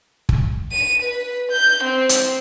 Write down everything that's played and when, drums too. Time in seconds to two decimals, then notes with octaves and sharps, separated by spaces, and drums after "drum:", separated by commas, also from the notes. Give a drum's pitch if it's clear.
0.29 drum: kick
0.72 D#7
1.02 B4
1.51 G6
1.83 C4
2.09 drum: hi-hat